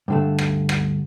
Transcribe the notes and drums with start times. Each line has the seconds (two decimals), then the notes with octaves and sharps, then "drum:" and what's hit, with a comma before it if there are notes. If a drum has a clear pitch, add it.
0.08 G2 D3 A3
0.38 drum: rim click
0.69 drum: rim click